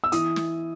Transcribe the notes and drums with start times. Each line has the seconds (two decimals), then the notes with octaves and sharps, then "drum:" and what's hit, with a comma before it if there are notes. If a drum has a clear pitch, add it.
0.04 E6
0.12 E3 D#6, drum: hi-hat
0.36 drum: snare